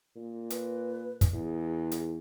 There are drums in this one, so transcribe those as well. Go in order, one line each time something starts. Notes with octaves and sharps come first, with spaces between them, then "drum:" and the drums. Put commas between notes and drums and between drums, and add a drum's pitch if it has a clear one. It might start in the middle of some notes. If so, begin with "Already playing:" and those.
A#2
B4, drum: hi-hat
drum: kick, hi-hat
E2 G#4
drum: hi-hat